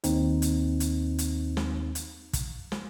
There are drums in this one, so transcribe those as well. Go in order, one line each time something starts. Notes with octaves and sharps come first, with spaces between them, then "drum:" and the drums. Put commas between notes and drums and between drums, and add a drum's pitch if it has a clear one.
D#2 C4 D#4, drum: hi-hat
drum: hi-hat
drum: hi-hat
drum: hi-hat
drum: snare
drum: hi-hat
drum: kick, hi-hat
drum: snare